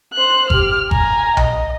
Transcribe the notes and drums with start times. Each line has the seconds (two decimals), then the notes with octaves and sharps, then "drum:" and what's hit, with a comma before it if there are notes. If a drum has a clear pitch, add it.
0.14 C5 F#6
0.50 G4 F6, drum: kick G1
0.91 G#5 A#5, drum: kick G1
1.37 D#5, drum: tom B1